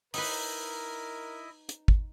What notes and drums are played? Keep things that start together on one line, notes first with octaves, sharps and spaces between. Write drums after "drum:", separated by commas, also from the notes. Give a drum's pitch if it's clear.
D#4 E4 A#4 B4 D#5, drum: open hi-hat
drum: hi-hat
drum: kick